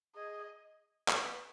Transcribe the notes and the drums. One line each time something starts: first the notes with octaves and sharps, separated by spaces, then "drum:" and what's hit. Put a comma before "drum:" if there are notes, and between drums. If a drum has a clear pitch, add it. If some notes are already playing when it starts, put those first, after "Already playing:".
G#4 D#5
A4 E5, drum: clap
B4